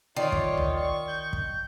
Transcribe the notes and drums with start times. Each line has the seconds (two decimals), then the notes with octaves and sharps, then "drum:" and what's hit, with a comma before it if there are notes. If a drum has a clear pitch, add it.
0.17 D#3 F4 C#5 D5
0.32 drum: kick
0.57 drum: tom B1
0.79 C#6
1.08 G6
1.33 drum: kick